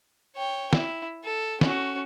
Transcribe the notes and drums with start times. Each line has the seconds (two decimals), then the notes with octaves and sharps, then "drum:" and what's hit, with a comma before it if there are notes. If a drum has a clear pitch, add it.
0.36 C#5 G5
0.73 E4, drum: snare
1.24 A4
1.61 C#4 F#4, drum: snare